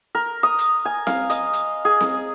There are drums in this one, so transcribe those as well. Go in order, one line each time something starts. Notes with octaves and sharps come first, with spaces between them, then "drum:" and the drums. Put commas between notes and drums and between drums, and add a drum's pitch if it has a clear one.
A#4
D#6
drum: hi-hat
G#5
F5, drum: snare C4
D#5, drum: hi-hat
drum: hi-hat
G#4
drum: snare C4